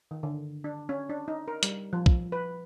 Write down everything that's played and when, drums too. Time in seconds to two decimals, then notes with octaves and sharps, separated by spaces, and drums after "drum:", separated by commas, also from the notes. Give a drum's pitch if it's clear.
0.11 D#3
0.23 D3
0.64 D4
0.89 C#4
1.10 D4
1.28 D#4
1.48 A#4
1.63 G3, drum: hi-hat
1.93 F3
2.06 drum: kick
2.32 B4